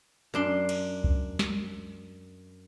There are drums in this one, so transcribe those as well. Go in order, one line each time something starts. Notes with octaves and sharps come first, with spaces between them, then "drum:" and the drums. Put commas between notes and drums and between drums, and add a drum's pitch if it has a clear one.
F#2 D4 C6
drum: cymbal
drum: kick
drum: snare